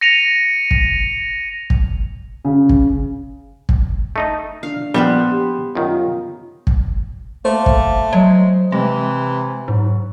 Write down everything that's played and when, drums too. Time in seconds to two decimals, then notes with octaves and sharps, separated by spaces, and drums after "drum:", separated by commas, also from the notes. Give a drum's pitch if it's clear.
0.01 A#6 C#7 D#7 F7
0.71 drum: kick
1.70 drum: kick
2.45 C#3
2.69 drum: kick
3.69 drum: kick
4.16 A3 D#4 D#5
4.63 D4 F5
4.94 A#1 G3 B3 B4 C5
5.32 G4
5.75 F#2 D#3 F4
6.67 drum: kick
7.45 A3 A#3 C5
7.66 drum: kick
8.13 F#3 G#3
8.72 C3 E3 G#3
9.68 G#2 F#3